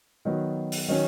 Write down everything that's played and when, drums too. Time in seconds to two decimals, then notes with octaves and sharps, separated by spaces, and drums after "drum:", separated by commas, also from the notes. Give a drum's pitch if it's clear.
0.25 D#3 F#3 B3
0.72 drum: open hi-hat
0.88 D#3 F#3 C#4